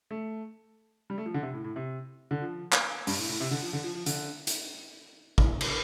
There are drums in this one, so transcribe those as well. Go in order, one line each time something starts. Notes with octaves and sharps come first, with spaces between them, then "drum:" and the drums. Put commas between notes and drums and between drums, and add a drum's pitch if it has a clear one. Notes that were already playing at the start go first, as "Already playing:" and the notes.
A3
G3
A3
F3
D3
C3
A2
A2
C3
D3
F3
drum: clap
G2, drum: open hi-hat
A2
A2
C3
D3
F3
D3
F3
F3
D3, drum: hi-hat
drum: hi-hat
A2, drum: kick
drum: cymbal